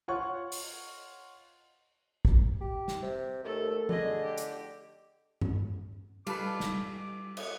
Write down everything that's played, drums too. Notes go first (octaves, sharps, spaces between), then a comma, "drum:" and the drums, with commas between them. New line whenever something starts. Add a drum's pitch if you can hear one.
F4 C#5 F#5 C#6
drum: open hi-hat
drum: kick
G4
drum: snare
C3
D#2 A3 A4
D3 G#4 D#5, drum: tom F3
G4
drum: hi-hat
drum: tom G2
G3 F4 A4 B4 D6, drum: cymbal
drum: snare
drum: cymbal